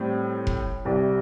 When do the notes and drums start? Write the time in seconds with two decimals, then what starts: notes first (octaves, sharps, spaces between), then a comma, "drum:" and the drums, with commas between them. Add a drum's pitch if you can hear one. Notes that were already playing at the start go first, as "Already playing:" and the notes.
Already playing: A2 G3 C4
0.47 drum: kick F1
0.85 C2 C3 G3